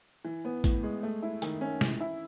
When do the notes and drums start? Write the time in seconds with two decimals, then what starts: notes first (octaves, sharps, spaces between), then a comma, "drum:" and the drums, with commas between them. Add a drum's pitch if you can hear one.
0.25 E3
0.45 B3
0.64 A2, drum: kick, hi-hat
0.83 G#3
1.03 A3
1.23 E4
1.42 D#3, drum: hi-hat
1.61 C#4
1.81 E3, drum: snare
2.01 E4